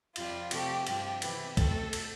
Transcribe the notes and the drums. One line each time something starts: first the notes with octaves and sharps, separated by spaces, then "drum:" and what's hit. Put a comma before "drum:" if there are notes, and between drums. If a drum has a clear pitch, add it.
F2 C3 G3 F4, drum: cymbal
C3 F3 A3 G4, drum: cymbal
G2 F3 C4 G4, drum: cymbal
C3 E3 B3, drum: cymbal
B2 A3 C4 A4, drum: kick, cymbal
drum: cymbal